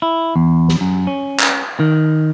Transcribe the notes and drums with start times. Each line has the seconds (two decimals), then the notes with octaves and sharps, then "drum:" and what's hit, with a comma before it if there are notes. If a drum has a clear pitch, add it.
0.02 E4
0.36 E2
0.69 drum: snare
0.81 F#2
1.07 C#4
1.40 drum: clap
1.80 D#3